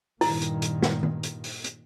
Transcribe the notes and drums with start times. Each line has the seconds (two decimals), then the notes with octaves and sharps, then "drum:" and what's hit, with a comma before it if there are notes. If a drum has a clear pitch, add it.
0.21 G2 A#2 D#3 E4, drum: open hi-hat
0.42 drum: hi-hat
0.62 drum: hi-hat
0.82 drum: snare
1.03 drum: tom D#3
1.23 drum: hi-hat
1.44 drum: open hi-hat
1.64 drum: hi-hat